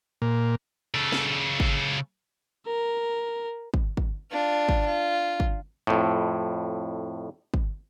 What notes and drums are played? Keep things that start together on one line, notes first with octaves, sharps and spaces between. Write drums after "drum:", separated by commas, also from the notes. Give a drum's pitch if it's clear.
A#2
C#3 A4
drum: snare
drum: kick
A#4
drum: kick
drum: kick
D4 F4
drum: kick
F4
drum: kick
F2 A2
drum: kick